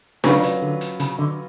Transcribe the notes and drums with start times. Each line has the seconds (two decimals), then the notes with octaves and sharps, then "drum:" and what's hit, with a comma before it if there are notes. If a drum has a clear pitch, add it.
0.24 C#3 F#3 C#4 F4 B4, drum: snare D4
0.43 drum: hi-hat
0.62 D3
0.81 drum: hi-hat
1.00 C#3, drum: hi-hat
1.19 D3